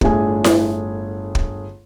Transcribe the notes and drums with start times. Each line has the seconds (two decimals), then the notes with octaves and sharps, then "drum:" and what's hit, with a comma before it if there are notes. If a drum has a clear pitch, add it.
0.01 G1 A2 A3 D4 G#4 G#5, drum: kick
0.44 drum: snare E4
1.35 drum: kick